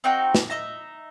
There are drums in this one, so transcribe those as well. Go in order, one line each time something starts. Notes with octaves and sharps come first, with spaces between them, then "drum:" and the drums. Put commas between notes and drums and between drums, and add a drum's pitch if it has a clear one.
C4 D#4 F#4 G5
drum: snare
D#4 E5 A#5